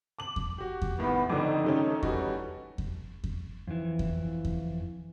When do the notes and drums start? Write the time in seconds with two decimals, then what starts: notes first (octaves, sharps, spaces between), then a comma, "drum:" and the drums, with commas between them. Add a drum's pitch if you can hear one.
0.19 D6 F#7
0.36 drum: kick E2
0.58 F#4 G4
0.82 drum: kick E2
0.99 C2 A2 D#3 B3
1.29 F2 A2 D3 D#4 D6
1.64 D#3 A3 C#4
2.03 E3 G3 F#4, drum: kick E2
2.78 drum: kick E2
3.24 drum: kick E2
3.67 F2 E3
3.99 drum: kick E2
4.45 drum: kick E2